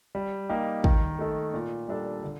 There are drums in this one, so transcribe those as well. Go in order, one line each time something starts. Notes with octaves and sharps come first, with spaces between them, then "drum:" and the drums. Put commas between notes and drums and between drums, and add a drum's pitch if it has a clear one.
G3
A#3 D#4 G4
D#3, drum: kick
A3 D#4 A4
A#2
G3 D4 A4
D3